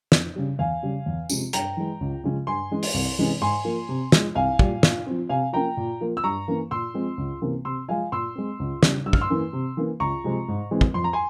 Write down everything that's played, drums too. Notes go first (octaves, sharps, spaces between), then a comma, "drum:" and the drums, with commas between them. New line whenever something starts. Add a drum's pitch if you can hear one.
F2, drum: snare
C#3 G3
E2 F5 G#5
C#3 G3
E2
C3 F3 G#3 C#4, drum: tambourine
G2 G5 A#5, drum: hi-hat
E3 G#3
C#2
C#3 F3 G#3 C#4
G2 G#5 C6
E3 G#3 C#4
drum: open hi-hat
C2
C3 E3 G#3 C#4
G#2 G#5 C6
F3 A#3
C3
F3 G#3, drum: snare
C2 F5 G#5
A#2 G3, drum: kick
A#2, drum: snare
F3 C4
C3 F5 G#5
F3 A#3 C#4 G5 A#5
A#2
F3 A#3
E6
G2 A#5 C#6
E3 A#3 C#4
A#2 C6 E6
F3 G#3 C4
C#2
C3 E3 A#3 C#4
C3 C6 E6
F3 G#3 F5 G#5
A#2 C6 E6
G#3 C4
C#2
C#3 G3 C#4, drum: snare
G2 E6
F6, drum: kick
C6 E6
E3 A#3 C#4
C3
E3 A#3 C#4
C#2 A#5 C#6
C3 F3 G#3 C4
G#2
E3 G#3 C4
drum: kick
F2 C6
A#5
G#5 C6